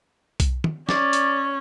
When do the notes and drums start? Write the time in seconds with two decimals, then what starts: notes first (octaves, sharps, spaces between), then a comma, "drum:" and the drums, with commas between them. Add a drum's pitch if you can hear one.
0.40 drum: kick B1, hi-hat
0.64 drum: tom
0.89 C#4 D5, drum: snare
1.13 drum: hi-hat